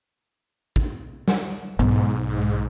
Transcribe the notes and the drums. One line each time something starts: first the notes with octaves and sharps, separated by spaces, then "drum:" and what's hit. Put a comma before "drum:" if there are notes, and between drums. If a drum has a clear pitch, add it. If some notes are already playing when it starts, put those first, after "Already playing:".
drum: kick
drum: snare
B1 G#2 B3